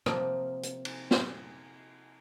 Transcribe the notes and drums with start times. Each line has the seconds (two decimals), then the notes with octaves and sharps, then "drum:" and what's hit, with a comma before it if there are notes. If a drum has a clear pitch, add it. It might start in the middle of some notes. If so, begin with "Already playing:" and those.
0.06 C3 F3 A#3 A#4, drum: rim click
0.63 drum: hi-hat
0.85 drum: cymbal
1.11 drum: snare